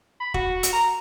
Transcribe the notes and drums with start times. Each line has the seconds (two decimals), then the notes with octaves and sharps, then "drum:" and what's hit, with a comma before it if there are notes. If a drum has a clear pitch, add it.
0.20 B5
0.34 F#4, drum: kick
0.63 drum: hi-hat
0.73 A#5